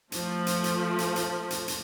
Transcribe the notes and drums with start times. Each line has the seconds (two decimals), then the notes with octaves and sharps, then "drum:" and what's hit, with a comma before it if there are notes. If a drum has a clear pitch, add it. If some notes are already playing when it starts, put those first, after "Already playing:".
0.12 F3 A3, drum: hi-hat
0.47 drum: hi-hat
0.64 drum: hi-hat
0.99 drum: hi-hat
1.16 drum: hi-hat
1.50 drum: hi-hat
1.68 drum: hi-hat